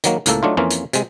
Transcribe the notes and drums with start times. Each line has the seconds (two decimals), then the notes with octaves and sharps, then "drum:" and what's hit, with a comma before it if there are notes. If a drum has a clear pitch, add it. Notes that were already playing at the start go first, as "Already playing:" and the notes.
0.04 D#3 F#3 A#3, drum: hi-hat
0.26 C#2 A2 A#3 A4, drum: hi-hat
0.43 F#3 A3 D4 D#4 F4
0.57 F2 E3 A#3 C#4 F4
0.71 drum: hi-hat
0.93 C3 G#3, drum: hi-hat